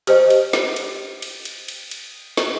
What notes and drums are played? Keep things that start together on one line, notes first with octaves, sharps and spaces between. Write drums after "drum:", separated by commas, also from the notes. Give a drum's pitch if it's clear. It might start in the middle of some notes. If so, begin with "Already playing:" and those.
G4 C5 D#5, drum: cymbal
drum: cymbal
drum: snare
drum: cymbal
drum: cymbal
drum: cymbal
drum: cymbal
drum: cymbal
drum: snare